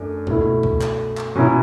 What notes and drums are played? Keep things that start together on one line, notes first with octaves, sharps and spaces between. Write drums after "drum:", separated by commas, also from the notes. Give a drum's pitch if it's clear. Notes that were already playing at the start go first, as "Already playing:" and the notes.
Already playing: F#2 A3 D4
B2 A3 E4, drum: kick C2
drum: kick C2
drum: clap
drum: clap
B2 F#3 C#4 E4